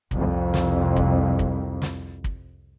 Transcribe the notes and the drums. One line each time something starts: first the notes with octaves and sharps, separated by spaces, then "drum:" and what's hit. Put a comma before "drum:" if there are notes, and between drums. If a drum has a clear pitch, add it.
C2 F2, drum: kick
drum: snare
drum: kick
drum: kick
drum: snare
drum: kick